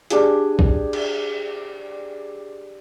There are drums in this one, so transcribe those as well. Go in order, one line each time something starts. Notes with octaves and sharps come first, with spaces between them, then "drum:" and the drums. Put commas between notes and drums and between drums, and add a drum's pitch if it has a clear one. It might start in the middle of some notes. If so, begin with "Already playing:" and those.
D4 G4 G#4, drum: hi-hat
drum: kick
drum: cymbal